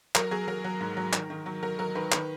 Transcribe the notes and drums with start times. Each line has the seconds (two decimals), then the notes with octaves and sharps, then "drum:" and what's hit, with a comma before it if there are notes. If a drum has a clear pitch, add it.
0.15 F#3 A#4, drum: clap
0.31 F#3 G#4
0.48 F#3 A#4
0.64 F#3
0.81 G#2
0.97 F#3
1.13 D#3, drum: clap
1.30 D#3
1.46 F#3
1.63 F#3 A#4
1.79 F#3 A#4
1.95 D#3 B4
2.12 D#3 B4, drum: clap